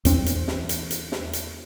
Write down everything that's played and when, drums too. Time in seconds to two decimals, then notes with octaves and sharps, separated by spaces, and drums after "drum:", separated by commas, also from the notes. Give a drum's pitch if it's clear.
0.05 E2 C4 D4, drum: hi-hat
0.26 drum: hi-hat
0.48 drum: snare
0.69 drum: hi-hat
0.91 drum: hi-hat
1.12 drum: snare
1.33 drum: hi-hat